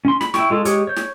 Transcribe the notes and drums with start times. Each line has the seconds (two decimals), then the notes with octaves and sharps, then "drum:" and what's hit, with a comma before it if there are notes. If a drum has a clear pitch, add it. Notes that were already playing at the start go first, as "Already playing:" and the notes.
0.05 C#4 C6
0.21 B5, drum: snare
0.34 E4 G5 C#6, drum: snare
0.50 G#3 F4 A4
0.65 G#3 G4 G#4 C#5, drum: hi-hat
0.87 C#5 G6
0.96 drum: snare